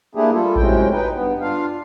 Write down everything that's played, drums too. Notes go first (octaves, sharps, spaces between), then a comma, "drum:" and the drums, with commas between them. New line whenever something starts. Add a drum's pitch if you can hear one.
A3 A#3 D4 E4 G4 G#4
G3 F4 A4
F#2 A2 C3 G#3 C#4 G5, drum: kick A1
D#4 B4 G5
G2 B3
D4 F4 F5